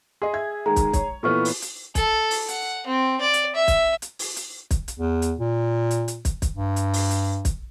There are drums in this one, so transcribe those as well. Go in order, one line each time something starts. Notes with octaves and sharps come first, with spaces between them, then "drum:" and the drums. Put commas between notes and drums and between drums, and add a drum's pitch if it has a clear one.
G#4 D#5 C6
E5 G#6
D#3 G#3 A#5
drum: kick, hi-hat
C#5, drum: kick, hi-hat
A#2 E3 B3 A4 C#6 F6
drum: open hi-hat
drum: hi-hat
A4, drum: kick, hi-hat
drum: open hi-hat
F#5, drum: hi-hat
C4
D5
drum: hi-hat
E5
drum: kick, hi-hat
drum: hi-hat
drum: open hi-hat
drum: hi-hat
drum: kick, hi-hat
drum: hi-hat
E2
drum: hi-hat
A#2
drum: hi-hat
drum: hi-hat
drum: kick, hi-hat
drum: kick, hi-hat
G2
drum: hi-hat
drum: open hi-hat
drum: hi-hat
drum: kick, hi-hat